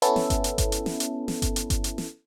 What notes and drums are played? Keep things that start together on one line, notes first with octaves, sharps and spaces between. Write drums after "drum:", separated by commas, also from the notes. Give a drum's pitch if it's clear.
B3 C#4 E4 A4, drum: hi-hat
drum: snare
drum: kick G1, hi-hat
drum: hi-hat
drum: kick G1, hi-hat
drum: hi-hat
drum: snare
drum: hi-hat
drum: snare
drum: kick G1, hi-hat
drum: hi-hat
drum: kick G1, hi-hat
drum: hi-hat
drum: snare